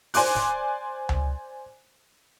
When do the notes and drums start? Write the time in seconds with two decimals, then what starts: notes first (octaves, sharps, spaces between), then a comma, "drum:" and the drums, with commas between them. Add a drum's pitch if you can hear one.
0.14 C5 D5 G#5 C6 D6 F#6, drum: open hi-hat
0.35 drum: snare
1.09 drum: tom C#2